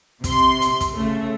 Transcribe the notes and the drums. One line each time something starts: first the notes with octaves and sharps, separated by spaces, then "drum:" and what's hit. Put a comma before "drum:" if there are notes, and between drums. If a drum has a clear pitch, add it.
C3 C6, drum: kick, hi-hat
drum: hi-hat
drum: kick, hi-hat
C#3 A3